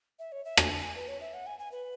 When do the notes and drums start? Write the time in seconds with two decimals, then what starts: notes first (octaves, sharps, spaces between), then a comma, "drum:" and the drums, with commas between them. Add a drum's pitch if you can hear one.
0.19 E5
0.32 C#5
0.45 E5
0.57 G#5, drum: rim click
0.70 A5
0.83 G#5
0.96 B4
1.08 C#5
1.21 E5
1.34 F#5
1.47 G#5
1.59 G#5
1.72 B4